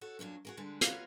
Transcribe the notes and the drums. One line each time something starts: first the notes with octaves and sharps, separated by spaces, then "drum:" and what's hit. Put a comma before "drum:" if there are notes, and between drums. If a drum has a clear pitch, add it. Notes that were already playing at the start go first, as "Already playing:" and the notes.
F#4 A4 C#5
F#2 A#2 F#3 D4
F#4 G#4 A#4
D3 G3 G#3
F4 F#4 A#4 B4 C#5 F5, drum: hi-hat